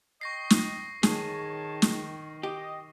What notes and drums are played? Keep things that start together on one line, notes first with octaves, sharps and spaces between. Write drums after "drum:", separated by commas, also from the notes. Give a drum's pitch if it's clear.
D#5 G5 C#6 A#6 C7
drum: snare
D#3 G#4 C#5 A5, drum: snare
drum: snare
G4 D#5